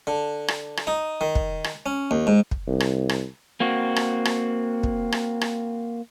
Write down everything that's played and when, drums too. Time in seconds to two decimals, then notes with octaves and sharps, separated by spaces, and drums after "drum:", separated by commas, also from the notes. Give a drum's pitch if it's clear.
0.07 D3
0.48 drum: rim click
0.77 drum: rim click
0.87 D#4
1.21 D#3
1.35 drum: kick
1.64 drum: rim click
1.86 C#4
2.11 D#2
2.27 G#2
2.51 drum: kick
2.67 C2
2.80 drum: rim click
3.09 drum: rim click
3.60 A#3 C4 F#4
3.96 drum: rim click
4.25 drum: rim click
4.83 drum: kick
5.12 drum: rim click
5.41 drum: rim click